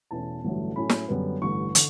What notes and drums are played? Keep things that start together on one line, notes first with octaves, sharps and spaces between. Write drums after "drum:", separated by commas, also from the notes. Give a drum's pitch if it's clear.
E2 B2 A3 C#4 A5
A1 G2 D3 F#3 A3
A2 F#3 A3 C#4 E4 B5
drum: snare
F#2 D3 G3 B3
A1 G2 D3 C#6
D3, drum: hi-hat